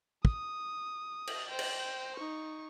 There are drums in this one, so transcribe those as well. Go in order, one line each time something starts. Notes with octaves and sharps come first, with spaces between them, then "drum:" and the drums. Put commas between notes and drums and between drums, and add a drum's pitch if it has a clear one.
D#6, drum: kick
drum: cymbal
C5 G5
drum: cymbal
D#4 C#6